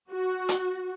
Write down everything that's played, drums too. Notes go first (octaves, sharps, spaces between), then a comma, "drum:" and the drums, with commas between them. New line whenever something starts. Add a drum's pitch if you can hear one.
F#4
drum: hi-hat